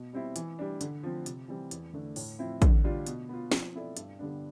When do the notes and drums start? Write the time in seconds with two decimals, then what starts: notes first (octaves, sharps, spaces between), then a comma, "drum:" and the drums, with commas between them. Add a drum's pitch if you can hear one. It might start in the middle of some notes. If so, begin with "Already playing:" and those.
Already playing: B2
0.13 G3 C4 E4
0.36 E3, drum: hi-hat
0.59 G3 D4
0.81 D3, drum: hi-hat
1.03 F3 C4
1.26 C3, drum: hi-hat
1.48 E3 G3 C4
1.71 E2, drum: hi-hat
1.94 D3 A3 D4
2.16 A2, drum: open hi-hat
2.39 F3 C4 E4
2.62 D3, drum: kick, hi-hat
2.84 G3 D4 F4
3.07 B2, drum: hi-hat
3.29 B3 F4
3.52 F3, drum: snare
3.74 C4 E4 A4 D5
3.97 G2, drum: hi-hat
4.19 D3 G3 B3 D4